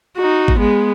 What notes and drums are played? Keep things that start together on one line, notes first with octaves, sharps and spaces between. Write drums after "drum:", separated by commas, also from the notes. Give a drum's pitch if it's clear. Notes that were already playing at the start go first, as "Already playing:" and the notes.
D#4 F#4
drum: kick G#1
G#3 B3